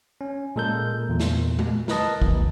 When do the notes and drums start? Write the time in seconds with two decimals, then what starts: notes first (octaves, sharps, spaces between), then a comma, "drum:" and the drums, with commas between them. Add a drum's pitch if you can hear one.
0.21 C#4
0.56 A#2 G#3 A4 A#4 G6
1.09 E2 A#2
1.20 drum: snare
1.59 drum: tom G#3
1.88 A#4 B4 D#5 A5, drum: snare
2.22 D#2 E3, drum: kick